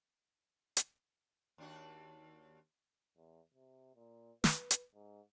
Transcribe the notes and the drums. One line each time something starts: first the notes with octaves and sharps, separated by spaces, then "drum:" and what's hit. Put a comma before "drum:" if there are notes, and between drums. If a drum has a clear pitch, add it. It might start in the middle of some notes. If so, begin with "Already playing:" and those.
drum: hi-hat
D#2 D4 F#4
E2
C3
A#2
B4, drum: snare
drum: hi-hat
G#2